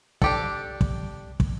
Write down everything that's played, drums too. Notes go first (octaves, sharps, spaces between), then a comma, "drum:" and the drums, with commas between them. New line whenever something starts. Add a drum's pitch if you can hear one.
D4 G4 A4, drum: kick
drum: kick
drum: kick